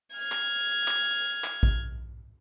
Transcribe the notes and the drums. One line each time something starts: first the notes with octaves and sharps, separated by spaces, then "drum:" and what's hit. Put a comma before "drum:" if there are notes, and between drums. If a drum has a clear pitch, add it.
F6 G#6
drum: clap
drum: clap
drum: clap
drum: kick